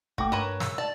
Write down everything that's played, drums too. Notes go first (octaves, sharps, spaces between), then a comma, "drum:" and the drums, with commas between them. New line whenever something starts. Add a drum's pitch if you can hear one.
A3 F#4 G5 D6, drum: kick
G2 A#4 B4 C#5 E7
E6, drum: snare
D5 A5